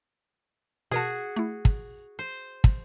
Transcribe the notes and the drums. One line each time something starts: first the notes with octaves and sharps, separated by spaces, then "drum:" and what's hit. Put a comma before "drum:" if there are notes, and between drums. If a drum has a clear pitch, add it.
B2 F#4 G#4 A#4 A5
A3 E4
drum: kick
C5
drum: kick